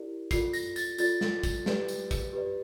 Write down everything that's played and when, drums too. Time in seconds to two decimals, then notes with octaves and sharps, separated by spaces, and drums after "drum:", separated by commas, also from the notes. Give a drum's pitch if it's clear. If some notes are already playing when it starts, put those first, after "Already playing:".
Already playing: E4 G4 A#4 D5
0.31 F4 A4 D5 C7, drum: kick, tambourine
0.53 A#6, drum: tambourine
0.76 A6, drum: tambourine
0.98 F4 A4 D5 A6, drum: tambourine
1.21 drum: snare
1.43 drum: kick, tambourine
1.66 G4 B4 D5, drum: snare
1.88 drum: tambourine
2.11 drum: kick, tambourine
2.33 G4 B4 D5